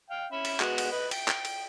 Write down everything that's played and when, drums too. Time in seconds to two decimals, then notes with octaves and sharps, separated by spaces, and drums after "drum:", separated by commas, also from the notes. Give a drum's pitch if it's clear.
0.10 F5 G5
0.32 C#4 E5 B5
0.45 drum: cymbal
0.60 G#3 B3 F#4, drum: clap
0.78 drum: cymbal
0.92 B4 D#5 B5
1.11 G5, drum: cymbal
1.28 drum: clap
1.45 drum: cymbal